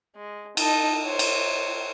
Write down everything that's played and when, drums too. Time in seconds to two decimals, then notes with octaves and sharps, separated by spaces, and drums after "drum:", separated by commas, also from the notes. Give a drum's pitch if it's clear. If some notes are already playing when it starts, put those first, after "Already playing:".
0.16 G#3
0.57 D#4 A5, drum: cymbal
1.04 C5 C#5
1.19 drum: cymbal